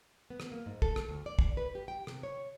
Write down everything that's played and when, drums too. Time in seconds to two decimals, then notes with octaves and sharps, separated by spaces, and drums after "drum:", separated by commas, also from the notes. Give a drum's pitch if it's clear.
0.30 B3
0.40 drum: rim click
0.52 A#3
0.66 G#2
0.82 A4, drum: kick
0.96 drum: rim click
1.08 D2
1.26 D5
1.39 drum: kick
1.57 B4
1.75 G4
1.88 G5
2.07 C3, drum: rim click
2.23 C#5